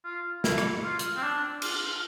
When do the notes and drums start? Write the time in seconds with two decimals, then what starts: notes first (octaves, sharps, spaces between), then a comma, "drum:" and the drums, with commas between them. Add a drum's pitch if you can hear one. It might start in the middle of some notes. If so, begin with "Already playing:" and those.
0.05 F4
0.44 E4, drum: snare
0.58 drum: rim click
0.84 F4
0.99 drum: hi-hat
1.16 C4
1.23 D4
1.62 F4, drum: cymbal
1.82 F4